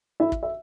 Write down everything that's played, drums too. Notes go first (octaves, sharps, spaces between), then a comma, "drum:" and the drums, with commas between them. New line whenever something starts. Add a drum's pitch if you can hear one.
E4 E5
drum: kick
E5